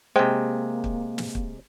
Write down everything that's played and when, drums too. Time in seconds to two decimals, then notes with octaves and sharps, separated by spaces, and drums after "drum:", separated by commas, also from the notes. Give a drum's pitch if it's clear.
0.16 C3 G#3 A#3 C5 G5
0.84 drum: kick
1.18 drum: snare
1.35 drum: kick